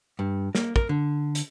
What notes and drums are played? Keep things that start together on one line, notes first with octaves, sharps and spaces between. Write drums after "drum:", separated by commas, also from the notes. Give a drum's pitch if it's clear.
G2
A#3, drum: snare
A#4, drum: kick
D3
drum: hi-hat